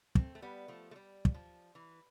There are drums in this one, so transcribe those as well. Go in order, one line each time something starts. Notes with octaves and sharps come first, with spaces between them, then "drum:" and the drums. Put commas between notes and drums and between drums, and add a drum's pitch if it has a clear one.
A3 C4, drum: kick
A3
G3 B3
F3 A3
A3
G3
drum: kick
F3
E3